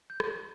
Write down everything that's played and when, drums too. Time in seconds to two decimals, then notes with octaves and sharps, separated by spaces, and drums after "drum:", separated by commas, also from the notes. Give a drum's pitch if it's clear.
0.10 G6
0.20 drum: rim click